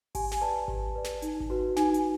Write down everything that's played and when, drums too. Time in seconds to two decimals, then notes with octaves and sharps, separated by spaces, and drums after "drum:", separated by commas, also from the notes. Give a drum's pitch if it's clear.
0.15 G4 G#5, drum: kick G#1, open hi-hat
0.32 G#5, drum: snare
0.41 B4 D5 A5
0.68 G4, drum: kick G#1
0.95 B4 D5
1.04 drum: snare
1.22 D#4, drum: hi-hat
1.40 drum: kick G#1
1.50 F#4 B4
1.76 D#4 G#5, drum: snare
1.94 drum: hi-hat